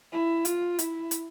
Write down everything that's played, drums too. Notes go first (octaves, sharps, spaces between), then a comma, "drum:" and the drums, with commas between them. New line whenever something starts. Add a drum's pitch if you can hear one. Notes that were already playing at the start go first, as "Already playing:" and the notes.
E4
F4, drum: hi-hat
E4, drum: hi-hat
drum: hi-hat